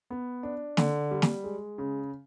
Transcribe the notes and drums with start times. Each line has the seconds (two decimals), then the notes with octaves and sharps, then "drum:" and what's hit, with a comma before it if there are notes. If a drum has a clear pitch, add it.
0.10 B3
0.43 D4
0.77 D3, drum: snare
1.11 G3
1.22 drum: snare
1.44 G#3
1.78 C#3